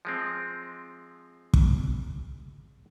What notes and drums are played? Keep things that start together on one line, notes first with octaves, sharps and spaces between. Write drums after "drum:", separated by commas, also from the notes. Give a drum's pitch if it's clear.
F3 G#3 C4
drum: kick